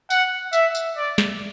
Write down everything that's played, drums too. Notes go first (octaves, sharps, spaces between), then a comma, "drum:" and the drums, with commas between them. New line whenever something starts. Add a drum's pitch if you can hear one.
F#5, drum: tambourine
E5, drum: tambourine
drum: tambourine
D5
drum: snare